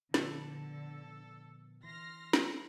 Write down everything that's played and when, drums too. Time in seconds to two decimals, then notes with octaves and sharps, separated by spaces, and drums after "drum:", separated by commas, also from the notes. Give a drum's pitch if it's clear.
0.14 A#2 D3 F3 B3 A4, drum: snare
1.83 E3 C6 F6 A#6
2.33 drum: snare